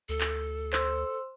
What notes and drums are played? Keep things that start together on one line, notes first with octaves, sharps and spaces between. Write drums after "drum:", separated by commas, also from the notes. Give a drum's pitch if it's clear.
D2 A4
drum: clap
C5 C6 E6, drum: clap